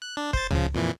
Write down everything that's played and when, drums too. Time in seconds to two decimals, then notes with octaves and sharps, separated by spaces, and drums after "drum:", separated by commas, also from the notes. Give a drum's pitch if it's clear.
0.02 F#6
0.17 D4
0.33 C5 A6, drum: kick
0.51 C#3 F3, drum: tom C#2
0.74 F2 A#2 E3